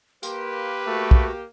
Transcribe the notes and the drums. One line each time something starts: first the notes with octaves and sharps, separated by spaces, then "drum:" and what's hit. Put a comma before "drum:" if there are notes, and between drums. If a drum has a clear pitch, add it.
A#3 G4 B4 C6, drum: tambourine
A3 F#4
drum: kick